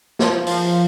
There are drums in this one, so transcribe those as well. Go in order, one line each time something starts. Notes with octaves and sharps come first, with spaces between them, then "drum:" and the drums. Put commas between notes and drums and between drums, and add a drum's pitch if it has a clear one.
F3, drum: snare
F3, drum: open hi-hat